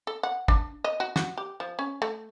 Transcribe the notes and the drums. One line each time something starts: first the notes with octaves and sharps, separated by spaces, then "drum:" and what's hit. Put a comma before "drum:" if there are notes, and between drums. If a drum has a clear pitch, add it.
A4
F#5
D4, drum: kick
D#5
F#4
F#4, drum: snare
G4
F3
C#4
A3